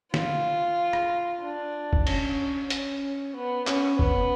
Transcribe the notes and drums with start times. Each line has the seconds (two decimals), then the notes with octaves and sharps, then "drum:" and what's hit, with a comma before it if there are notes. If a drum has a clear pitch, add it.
0.14 F4, drum: snare
0.93 drum: rim click
1.42 D4
1.93 drum: kick
2.07 C#4, drum: cymbal
2.70 C#4, drum: hi-hat
3.35 B3
3.67 C#4, drum: clap
3.99 B3, drum: kick